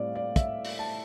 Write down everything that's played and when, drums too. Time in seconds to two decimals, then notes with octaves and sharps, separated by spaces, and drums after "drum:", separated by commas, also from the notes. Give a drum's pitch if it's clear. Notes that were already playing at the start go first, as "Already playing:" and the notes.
Already playing: A2 G3 C4 D5 F5
0.15 D5
0.36 E5, drum: kick, hi-hat
0.65 drum: open hi-hat
0.79 A5